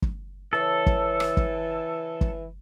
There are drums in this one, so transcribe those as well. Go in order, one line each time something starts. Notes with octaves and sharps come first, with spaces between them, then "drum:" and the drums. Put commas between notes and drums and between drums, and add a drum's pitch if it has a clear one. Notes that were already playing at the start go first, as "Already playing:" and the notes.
drum: kick
C#3 E3 A4 C#5 A5
drum: kick
drum: rim click
drum: kick
drum: kick